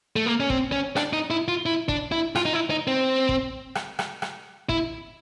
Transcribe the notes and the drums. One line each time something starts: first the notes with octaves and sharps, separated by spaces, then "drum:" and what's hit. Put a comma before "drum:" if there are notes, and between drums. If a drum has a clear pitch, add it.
A3
A#3
C#4
C4, drum: kick
C#4
D4, drum: rim click
D#4
E4
F4
E4
D4, drum: kick
E4
F4, drum: rim click
D#4
E4
D#4
C4
drum: kick
drum: rim click
drum: rim click
drum: rim click
E4, drum: kick